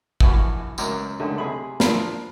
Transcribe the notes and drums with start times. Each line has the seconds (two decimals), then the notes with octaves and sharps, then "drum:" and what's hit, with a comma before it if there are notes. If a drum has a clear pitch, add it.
0.20 A#1 E3 F#4 G#5 B5 C#6, drum: kick
0.78 C#2 F#2 A#4 D6, drum: tambourine
1.20 C#2 D3 D#3 A3
1.38 C3 G#4 B5
1.80 F3 D4 A#4 B5 C6 E6, drum: snare